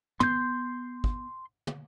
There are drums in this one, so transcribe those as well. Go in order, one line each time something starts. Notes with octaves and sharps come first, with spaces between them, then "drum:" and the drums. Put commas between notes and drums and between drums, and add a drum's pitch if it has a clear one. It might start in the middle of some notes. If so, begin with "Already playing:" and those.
B3 C6 G6, drum: tom
drum: kick
drum: tom